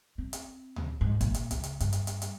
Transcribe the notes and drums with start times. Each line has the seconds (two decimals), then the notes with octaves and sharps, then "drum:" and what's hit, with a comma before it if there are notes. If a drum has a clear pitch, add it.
0.18 C4
0.33 drum: hi-hat
0.76 drum: tom D2
1.01 G#2
1.21 A#2, drum: kick, hi-hat
1.34 drum: hi-hat
1.51 C#2, drum: hi-hat
1.64 drum: hi-hat
1.80 G2, drum: hi-hat
1.93 drum: hi-hat
2.07 drum: hi-hat
2.22 drum: hi-hat